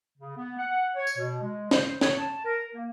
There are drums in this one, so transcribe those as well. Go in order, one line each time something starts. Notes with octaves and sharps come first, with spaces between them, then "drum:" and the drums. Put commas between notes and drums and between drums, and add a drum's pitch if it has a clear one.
C#3
B3
F#5
C#5
drum: tambourine
B2
G#3
C5, drum: snare
C#5, drum: snare
A5
A#4
A#3